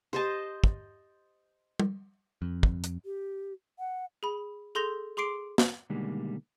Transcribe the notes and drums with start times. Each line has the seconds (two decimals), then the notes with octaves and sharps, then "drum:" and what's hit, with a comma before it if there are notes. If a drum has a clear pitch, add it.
0.13 G4 C5 D#5 A5
0.64 drum: kick
1.80 drum: tom
2.42 F2
2.63 drum: kick
2.84 drum: hi-hat
3.04 G4
3.79 F#5
4.23 G#4 B5
4.75 G#4 A4 C6 G6 A#6 F7
5.17 G#4 C6 D6 C7 D7
5.58 drum: snare
5.90 B2 D3 D#3 G3 G#3 A#3